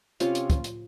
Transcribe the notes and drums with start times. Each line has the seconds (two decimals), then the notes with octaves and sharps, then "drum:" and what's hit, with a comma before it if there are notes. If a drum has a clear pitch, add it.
0.20 C3 C#4 F4, drum: hi-hat
0.35 drum: hi-hat
0.50 drum: kick, hi-hat
0.64 drum: hi-hat